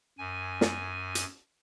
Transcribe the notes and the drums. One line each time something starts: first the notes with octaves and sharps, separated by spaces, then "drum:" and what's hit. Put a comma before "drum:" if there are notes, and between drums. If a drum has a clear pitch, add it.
F#2 G#5
drum: snare
drum: hi-hat